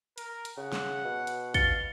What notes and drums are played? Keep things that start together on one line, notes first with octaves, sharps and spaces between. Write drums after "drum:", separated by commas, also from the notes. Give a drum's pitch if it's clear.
A#4, drum: hi-hat
drum: hi-hat
C#3 F#5
drum: snare
B2
drum: hi-hat
F5 A6 C#7 G7, drum: kick, hi-hat